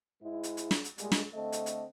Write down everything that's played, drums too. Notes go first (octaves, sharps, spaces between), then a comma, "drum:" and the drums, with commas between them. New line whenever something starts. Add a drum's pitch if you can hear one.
G#2 G#3 E4
drum: hi-hat
drum: hi-hat
drum: snare
drum: hi-hat
A#2 G3 G#3, drum: hi-hat
drum: snare
D3 A3 C4 A4 D#5
drum: hi-hat
drum: hi-hat